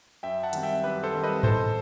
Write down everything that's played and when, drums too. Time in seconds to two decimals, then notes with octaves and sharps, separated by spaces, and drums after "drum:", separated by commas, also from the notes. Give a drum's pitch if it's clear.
0.23 F#2 E5 G5
0.43 F#5 A5
0.53 D#3 G3 C4, drum: hi-hat
0.63 E5 G5
0.84 F#2 G4 B4
1.03 A4 C5
1.13 D#3 G3 C4
1.23 B4 D#5
1.43 E2 A4 C5, drum: tom G#2